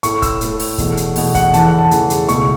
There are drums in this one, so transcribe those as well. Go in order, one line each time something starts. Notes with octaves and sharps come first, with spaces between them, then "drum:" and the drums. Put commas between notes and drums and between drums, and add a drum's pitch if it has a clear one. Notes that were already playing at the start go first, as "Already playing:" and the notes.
A2 A3 C#6, drum: hi-hat
E6, drum: kick, hi-hat
A2 A3, drum: hi-hat
drum: open hi-hat
E2 B2 A3, drum: kick, hi-hat
drum: hi-hat
E2 B2 A3, drum: open hi-hat
F#5, drum: kick, hi-hat
E2 C#3 E3 A3 A5, drum: hi-hat
F#5
A5
E2 C#3 E3 A3, drum: hi-hat
drum: hi-hat
C#2 B2 A3 C#6, drum: hi-hat